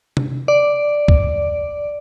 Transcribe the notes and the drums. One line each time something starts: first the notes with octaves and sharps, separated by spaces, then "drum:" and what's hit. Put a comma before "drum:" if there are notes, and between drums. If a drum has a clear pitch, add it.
drum: tom C3
D5
drum: kick